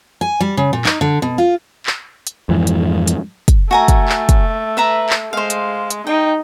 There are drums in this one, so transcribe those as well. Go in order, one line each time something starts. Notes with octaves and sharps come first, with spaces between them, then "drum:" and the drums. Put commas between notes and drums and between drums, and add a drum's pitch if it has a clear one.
G#5
G3
C#3
A#2
D#4, drum: clap
D3
B2
F4
drum: clap
drum: hi-hat
F2 G#2 E3
drum: hi-hat
drum: hi-hat
drum: kick, hi-hat
A3 F#4 G#5 A#5
drum: kick, hi-hat
drum: clap
drum: kick, hi-hat
B4 E5 A#5
drum: clap
G#3 C5 F5
drum: hi-hat
drum: hi-hat
D#4 G5